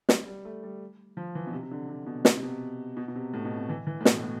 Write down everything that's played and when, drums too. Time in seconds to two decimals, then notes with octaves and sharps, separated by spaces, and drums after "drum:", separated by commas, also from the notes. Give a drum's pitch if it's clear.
0.09 G3, drum: snare
0.27 G3
0.45 A3
0.63 G3
1.17 F3
1.35 E3
1.47 B2
1.53 C3
1.63 C3
1.71 D3
1.89 C3
2.07 B2
2.25 B2, drum: snare
2.37 C3
2.43 B2
2.97 B2
3.08 B2
3.16 C3
3.34 A2
3.45 B2
3.57 C3
3.69 E3
3.87 E3
4.01 A2
4.05 B2, drum: snare
4.23 A2